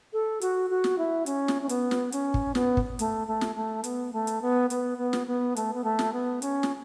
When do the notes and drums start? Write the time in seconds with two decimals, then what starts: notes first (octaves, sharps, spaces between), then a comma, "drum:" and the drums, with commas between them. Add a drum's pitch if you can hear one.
0.13 A4
0.41 F#4, drum: hi-hat
0.70 F#4
0.84 drum: snare
0.98 E4
1.26 C#4, drum: hi-hat
1.48 drum: snare
1.62 C#4
1.69 B3, drum: hi-hat
1.91 drum: snare
2.12 C#4, drum: hi-hat
2.34 drum: kick
2.55 B3, drum: snare
2.77 drum: kick
2.99 A3, drum: hi-hat
3.27 A3
3.41 drum: snare
3.55 A3
3.84 B3, drum: hi-hat
4.13 A3
4.27 drum: hi-hat
4.42 B3
4.70 B3, drum: hi-hat
4.98 B3
5.13 drum: snare
5.27 B3
5.56 A3, drum: hi-hat
5.74 B3
5.84 A3
5.99 drum: snare
6.13 B3
6.42 C#4, drum: hi-hat
6.63 drum: snare